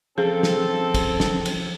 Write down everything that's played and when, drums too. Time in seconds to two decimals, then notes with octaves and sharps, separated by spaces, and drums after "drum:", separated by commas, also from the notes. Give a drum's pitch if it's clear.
0.18 F3 C4 C#4 G#4 A4 F5
0.43 drum: snare
0.94 drum: kick, cymbal
1.20 drum: snare
1.46 drum: cymbal